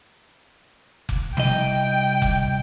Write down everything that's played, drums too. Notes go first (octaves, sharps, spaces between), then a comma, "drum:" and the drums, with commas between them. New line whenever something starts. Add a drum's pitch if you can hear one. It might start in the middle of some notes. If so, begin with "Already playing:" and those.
drum: kick F1
C2 D#5 G5, drum: snare
drum: kick F1